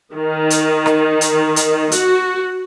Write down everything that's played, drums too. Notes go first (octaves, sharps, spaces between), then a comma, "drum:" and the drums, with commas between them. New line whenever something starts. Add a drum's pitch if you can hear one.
D#3
drum: hi-hat
drum: rim click
drum: hi-hat
drum: hi-hat
F#4, drum: hi-hat